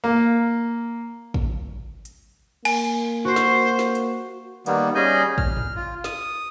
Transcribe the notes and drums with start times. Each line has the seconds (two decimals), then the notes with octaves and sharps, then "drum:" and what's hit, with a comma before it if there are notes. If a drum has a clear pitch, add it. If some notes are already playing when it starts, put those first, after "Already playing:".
0.04 A#3
1.34 drum: kick
2.05 drum: hi-hat
2.65 A#3 G#5, drum: cymbal
3.25 F#4 C5
3.36 drum: snare
3.79 drum: snare
3.95 drum: hi-hat
4.66 D#3 G3 A#3 B3, drum: hi-hat
4.95 G3 C#4 G#4 D#5 G#5 G6
5.38 F6, drum: kick
5.57 drum: tom
5.76 F4
6.04 D#6, drum: snare